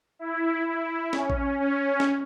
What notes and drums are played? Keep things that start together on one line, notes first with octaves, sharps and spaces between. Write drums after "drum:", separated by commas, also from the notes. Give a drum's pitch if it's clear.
E4
E4
C#4, drum: snare
drum: kick A1
C#4
drum: snare